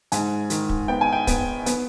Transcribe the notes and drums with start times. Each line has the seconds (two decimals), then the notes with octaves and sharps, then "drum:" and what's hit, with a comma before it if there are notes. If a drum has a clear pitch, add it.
0.12 G#2 G#5, drum: hi-hat
0.50 D#3, drum: hi-hat
0.69 drum: kick
0.88 B3 G5
1.01 G#5
1.13 G5
1.27 B3, drum: kick, hi-hat
1.66 B3, drum: hi-hat